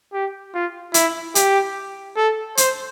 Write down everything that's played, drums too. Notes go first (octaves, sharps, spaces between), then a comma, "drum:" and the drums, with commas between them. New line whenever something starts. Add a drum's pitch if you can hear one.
G4
F4
E4, drum: hi-hat
G4, drum: hi-hat
A4
C5, drum: hi-hat